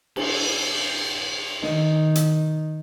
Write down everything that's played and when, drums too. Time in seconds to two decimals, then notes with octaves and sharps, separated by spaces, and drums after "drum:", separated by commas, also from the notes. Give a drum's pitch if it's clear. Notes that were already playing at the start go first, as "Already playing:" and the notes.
0.16 drum: cymbal
1.63 D#3 D#4, drum: snare
2.15 drum: hi-hat